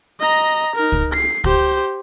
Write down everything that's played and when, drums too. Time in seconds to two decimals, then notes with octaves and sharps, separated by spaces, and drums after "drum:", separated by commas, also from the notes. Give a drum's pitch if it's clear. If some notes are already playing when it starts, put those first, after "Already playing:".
0.20 D#5 A#5
0.76 D#4 A#4
0.92 drum: kick
1.14 C7
1.44 G4 C5, drum: kick